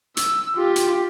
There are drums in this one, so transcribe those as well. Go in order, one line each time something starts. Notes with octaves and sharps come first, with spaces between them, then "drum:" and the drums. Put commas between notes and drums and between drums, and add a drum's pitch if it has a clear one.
E6, drum: hi-hat
F4 G4
drum: hi-hat